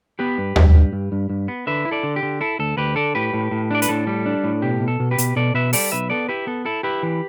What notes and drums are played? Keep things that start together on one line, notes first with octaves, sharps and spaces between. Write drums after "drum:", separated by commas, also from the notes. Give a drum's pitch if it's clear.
B3 G4 B4
G2
G2, drum: tom D#2
G2
G2
G2
G2
B3
D3 B4 E5
E4
A4 D5
D3
G4
D3
E4 A4
D2 A4
D2 G4 B4
D3 A4 D5
A2 G4 B4
A2
A2
D4 D5
B4, drum: hi-hat
A2 A4
G3
D4
A2
B2 G4
B2
A4
B2
G4 B4
B2, drum: hi-hat
B2 A4 D5
B2 B4 E5
G3 A4 D5, drum: open hi-hat
B1 B4 E5
B3 A4 D5
E4 G4 B4
B3 A4
E4 A4
E4 G4 B4
E3